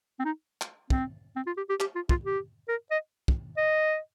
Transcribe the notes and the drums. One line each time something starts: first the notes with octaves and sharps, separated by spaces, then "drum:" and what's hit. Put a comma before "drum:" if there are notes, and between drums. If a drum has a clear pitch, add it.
C4
D#4
drum: clap
C4, drum: kick
C4
F4
G4
G4
G4, drum: clap
F4
F4, drum: kick
G4
A#4
D#5
drum: kick
D#5